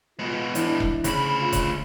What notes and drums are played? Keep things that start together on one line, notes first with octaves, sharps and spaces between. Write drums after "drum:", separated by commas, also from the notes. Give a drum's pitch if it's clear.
G#3 B3 F4
E3 D4 E4, drum: hi-hat
drum: kick E1
D2 C#3 B5, drum: hi-hat
F4
drum: kick E1, hi-hat